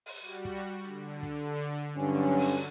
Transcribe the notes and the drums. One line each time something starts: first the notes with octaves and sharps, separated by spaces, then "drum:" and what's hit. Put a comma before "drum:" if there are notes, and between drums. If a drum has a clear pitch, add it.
drum: open hi-hat
G3 F#4
drum: kick, hi-hat
D3, drum: hi-hat
drum: kick, hi-hat
drum: hi-hat
G2 D3 F#3 C#4
drum: open hi-hat